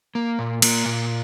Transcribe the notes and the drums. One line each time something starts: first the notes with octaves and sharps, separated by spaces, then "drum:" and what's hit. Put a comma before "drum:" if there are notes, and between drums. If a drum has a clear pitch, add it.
A#3
A#2
A#3, drum: cymbal
A#2